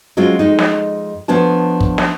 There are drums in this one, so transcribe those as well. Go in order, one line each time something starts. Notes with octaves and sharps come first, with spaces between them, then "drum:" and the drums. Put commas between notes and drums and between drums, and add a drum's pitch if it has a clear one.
F#3 G#3 C4 C#4 F4
F2 G#3 D#4
drum: snare
F3 A3 B3 D4 C#5 A5
drum: kick
drum: snare